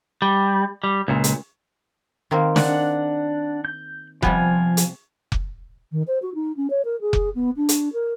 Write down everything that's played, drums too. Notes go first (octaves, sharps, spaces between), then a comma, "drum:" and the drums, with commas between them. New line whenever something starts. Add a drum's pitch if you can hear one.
G3
G3
C#2 A#2
drum: hi-hat
D#3 A#3 C4
D4 F#5, drum: snare
G6
C3 F3 G3 B3 F4 G#5, drum: kick F1
drum: hi-hat
drum: kick F1
D#3
C5
F#4
D#4
C#4
C#5
A#4
G#4
drum: kick F1
B3
D4
drum: hi-hat
A#4